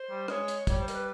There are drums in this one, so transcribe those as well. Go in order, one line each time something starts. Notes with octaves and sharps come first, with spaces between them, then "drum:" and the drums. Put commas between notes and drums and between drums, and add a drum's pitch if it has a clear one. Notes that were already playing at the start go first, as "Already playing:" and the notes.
Already playing: C5
G3
G#3 C#5, drum: rim click
drum: hi-hat
G3 C#5, drum: kick, hi-hat
C5
A#4, drum: hi-hat
B4